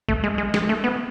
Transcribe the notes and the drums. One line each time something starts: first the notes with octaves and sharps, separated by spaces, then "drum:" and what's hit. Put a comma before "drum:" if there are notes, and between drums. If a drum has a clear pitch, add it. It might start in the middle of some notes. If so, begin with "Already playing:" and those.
A3, drum: kick C2
G#3
G#3
G#3, drum: snare
A3
B3